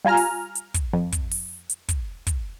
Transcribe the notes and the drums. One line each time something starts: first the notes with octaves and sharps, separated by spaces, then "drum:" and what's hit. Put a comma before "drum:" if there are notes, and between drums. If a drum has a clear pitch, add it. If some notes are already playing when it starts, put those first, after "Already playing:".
G3 F4 G#5 A#5 F6
drum: open hi-hat
drum: hi-hat
drum: kick, hi-hat
F2
drum: kick, hi-hat
drum: open hi-hat
drum: hi-hat
drum: kick, hi-hat
drum: kick, hi-hat